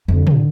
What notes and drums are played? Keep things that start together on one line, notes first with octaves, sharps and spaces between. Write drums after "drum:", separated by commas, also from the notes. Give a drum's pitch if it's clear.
F2 C#3
D3
drum: tom